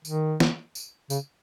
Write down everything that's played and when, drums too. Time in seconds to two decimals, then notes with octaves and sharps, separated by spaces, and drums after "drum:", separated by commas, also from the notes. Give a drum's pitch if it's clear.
0.05 D#3, drum: tambourine
0.40 drum: snare
0.75 drum: tambourine
1.10 C#3, drum: tambourine